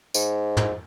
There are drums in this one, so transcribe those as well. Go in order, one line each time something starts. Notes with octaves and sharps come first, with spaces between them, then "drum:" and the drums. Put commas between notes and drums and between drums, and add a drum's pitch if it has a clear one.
G#2, drum: tambourine
drum: tom